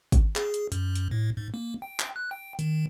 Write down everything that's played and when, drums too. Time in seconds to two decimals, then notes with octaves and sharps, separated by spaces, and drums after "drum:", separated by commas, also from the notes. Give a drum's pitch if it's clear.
0.12 drum: kick, hi-hat
0.36 G#4, drum: clap
0.54 drum: hi-hat
0.72 F#2, drum: hi-hat
0.95 drum: hi-hat
1.11 A2
1.37 G#2
1.54 A#3
1.82 G5
1.99 drum: clap
2.16 F#6
2.31 G5
2.59 D#3, drum: hi-hat